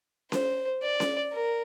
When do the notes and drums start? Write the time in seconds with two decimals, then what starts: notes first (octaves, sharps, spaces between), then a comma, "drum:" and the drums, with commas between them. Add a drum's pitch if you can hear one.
0.32 C5, drum: snare C#4
0.83 D5
1.00 drum: snare C#4
1.34 A#4